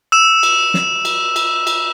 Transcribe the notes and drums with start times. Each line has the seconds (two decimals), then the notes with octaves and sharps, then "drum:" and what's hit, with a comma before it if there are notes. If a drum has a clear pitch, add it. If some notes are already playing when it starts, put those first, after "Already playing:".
0.12 E6 E7
0.43 drum: cymbal
0.74 drum: snare
1.05 drum: cymbal
1.36 drum: cymbal
1.67 drum: cymbal